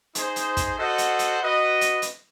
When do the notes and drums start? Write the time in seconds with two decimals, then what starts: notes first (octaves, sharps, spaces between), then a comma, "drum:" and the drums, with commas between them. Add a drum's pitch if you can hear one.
0.15 D#4 G#4 C5, drum: hi-hat
0.36 drum: hi-hat
0.57 drum: kick, hi-hat
0.77 F#4 A4 C5 D#5 F#5
0.98 drum: hi-hat
1.19 drum: hi-hat
1.40 F#4 B4 D#5
1.81 drum: hi-hat
2.02 drum: hi-hat